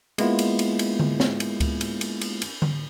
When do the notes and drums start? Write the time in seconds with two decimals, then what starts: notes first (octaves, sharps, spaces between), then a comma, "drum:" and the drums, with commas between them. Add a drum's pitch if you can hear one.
0.18 G#3 A#3 B3 E4 F4, drum: cymbal
0.39 drum: cymbal
0.59 drum: cymbal
0.79 drum: cymbal
1.00 drum: tom D3
1.20 drum: snare
1.40 drum: cymbal
1.60 drum: kick C#2, cymbal
1.81 drum: cymbal
2.01 drum: cymbal
2.21 drum: cymbal
2.42 drum: cymbal
2.62 drum: tom D3